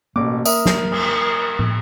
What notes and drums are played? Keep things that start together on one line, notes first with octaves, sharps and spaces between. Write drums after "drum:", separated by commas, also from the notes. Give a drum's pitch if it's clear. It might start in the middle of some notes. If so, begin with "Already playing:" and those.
A1 B2 A#3 D6
A#4 E5 D#6, drum: tambourine
drum: snare
drum: cymbal
drum: tom